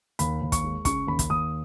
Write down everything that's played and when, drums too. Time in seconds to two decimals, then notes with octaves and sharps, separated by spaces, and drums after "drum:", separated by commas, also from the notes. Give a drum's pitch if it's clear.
0.19 D#2 B5, drum: hi-hat
0.42 D#2
0.52 C#6, drum: kick, hi-hat
0.64 G#3
0.85 C#3 C#6, drum: kick, hi-hat
1.07 D#2 B5
1.19 drum: kick, hi-hat
1.30 D#2 D#6